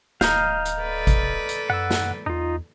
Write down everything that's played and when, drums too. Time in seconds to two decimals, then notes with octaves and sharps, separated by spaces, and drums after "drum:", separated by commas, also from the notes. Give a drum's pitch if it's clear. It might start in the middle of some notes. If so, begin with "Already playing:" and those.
0.21 D1 D#5 F5 A#5 F6 G6, drum: snare
0.65 drum: hi-hat
0.80 A4 B4 D5
1.07 drum: kick G#1, hi-hat
1.49 drum: hi-hat
1.70 F#2 F#5 E6
1.91 drum: snare
2.26 E2 D#4 F4